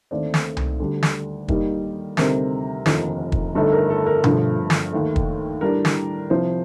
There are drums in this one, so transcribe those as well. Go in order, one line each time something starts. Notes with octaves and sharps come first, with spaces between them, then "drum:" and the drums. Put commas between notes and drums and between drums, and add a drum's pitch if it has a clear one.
D#2 D3 A3 C4 D5
drum: snare
drum: tom C2
D2 D3 G3 D4
drum: snare
D#2 D#3 G3 A#3 D#4, drum: kick
D2 C3 G3 C4 D#4 A#4, drum: snare
F1 D#2 D3 F3, drum: snare
drum: kick
G1 G2 D3 A3 D#4 A4
A#4
A4
A#4
G2 D3 F3 A3, drum: tom B2
drum: snare
D#2 D#3 A3
drum: kick
A2 G3 D4 A#4
drum: snare
C2 C3 F3 C5